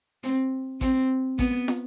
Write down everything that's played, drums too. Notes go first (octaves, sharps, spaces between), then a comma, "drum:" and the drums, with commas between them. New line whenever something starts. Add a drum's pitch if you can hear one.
C4, drum: hi-hat
C4, drum: kick A1, hi-hat
B3, drum: kick A1, hi-hat
drum: snare